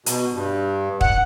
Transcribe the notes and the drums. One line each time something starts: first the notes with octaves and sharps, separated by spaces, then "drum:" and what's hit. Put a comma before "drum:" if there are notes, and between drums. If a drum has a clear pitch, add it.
B2, drum: hi-hat
G2
F#5, drum: kick